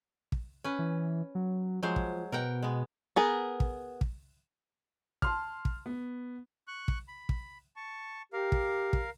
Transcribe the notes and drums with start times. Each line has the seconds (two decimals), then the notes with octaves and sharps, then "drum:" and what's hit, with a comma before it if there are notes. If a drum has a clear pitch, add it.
0.32 drum: kick
0.64 C#4 B4
0.79 E3
1.35 F#3
1.83 F3 F#3 G#3 C5
1.96 drum: kick
2.32 B2 A#4 F#5 G5
2.63 G#3 B3
3.16 B3 G#4 A#4
3.60 drum: kick
4.01 drum: kick
5.22 A5 C6 F6, drum: kick
5.65 drum: kick
5.86 B3
6.67 C#6 F#6
6.88 drum: kick
7.08 B5
7.29 drum: kick
7.76 A5 C#6
8.33 G4 A#4 F5
8.52 drum: kick
8.93 drum: kick